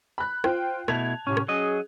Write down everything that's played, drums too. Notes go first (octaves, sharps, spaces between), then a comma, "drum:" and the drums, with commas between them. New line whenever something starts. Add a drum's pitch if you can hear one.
B5 F#6
F4 C5 G5, drum: rim click
B2 A3 E4 A5 G#6 F7, drum: rim click
A2 C3 C#4
drum: rim click
F#3 C#4 G#4 D#5